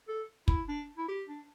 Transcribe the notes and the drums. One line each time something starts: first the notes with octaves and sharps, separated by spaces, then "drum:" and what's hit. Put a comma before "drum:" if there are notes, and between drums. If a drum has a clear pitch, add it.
A4
E4, drum: kick
D4
E4
G4
D4